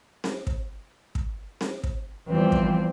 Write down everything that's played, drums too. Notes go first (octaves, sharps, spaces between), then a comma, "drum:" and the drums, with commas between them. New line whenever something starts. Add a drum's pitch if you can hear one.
drum: snare C4
drum: kick
drum: kick
drum: snare C4
drum: kick
E2 E3 F3 G3 C4
drum: kick